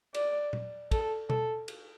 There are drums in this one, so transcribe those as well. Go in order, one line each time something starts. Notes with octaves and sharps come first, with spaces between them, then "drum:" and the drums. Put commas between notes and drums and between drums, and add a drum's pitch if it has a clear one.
D5, drum: cymbal
drum: tom A#2
A4, drum: kick, cymbal
A4, drum: tom B2
drum: cymbal